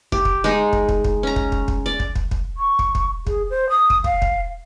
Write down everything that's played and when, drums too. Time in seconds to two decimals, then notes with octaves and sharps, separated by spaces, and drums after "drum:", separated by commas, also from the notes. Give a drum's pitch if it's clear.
0.12 G4, drum: kick
0.25 drum: kick
0.44 G#3 D#4
0.73 drum: kick
0.89 drum: kick
1.04 drum: kick
1.23 C#4 A#5
1.36 drum: kick
1.52 drum: kick
1.68 drum: kick
1.86 D5
2.00 drum: kick
2.16 drum: kick
2.31 drum: kick
2.57 C#6
2.79 drum: kick
2.95 drum: kick
3.27 G#4, drum: kick
3.50 C5
3.70 D#6
3.90 drum: kick
4.04 F5, drum: kick
4.22 drum: kick